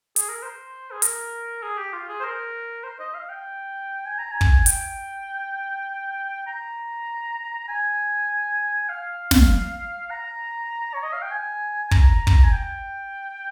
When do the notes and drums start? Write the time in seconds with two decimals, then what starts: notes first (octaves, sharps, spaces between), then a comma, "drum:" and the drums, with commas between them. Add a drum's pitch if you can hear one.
0.16 G#4, drum: hi-hat
0.29 A#4
0.43 C5
0.91 G#4
1.02 A#4, drum: hi-hat
1.63 G#4
1.78 G4
1.93 F4
2.08 G#4
2.20 C5
2.23 A#4
2.84 C5
2.99 D#5
3.14 F5
3.29 G5
4.06 G#5
4.18 A#5
4.31 G#5
4.41 drum: kick
4.66 G5, drum: hi-hat
6.47 A#5
7.68 G#5
8.89 F5
9.31 drum: snare
10.11 A#5
10.94 C#5
11.03 D#5
11.13 F5
11.22 G5
11.31 G#5
11.91 A#5, drum: kick
12.27 drum: kick
12.43 G#5
12.52 G5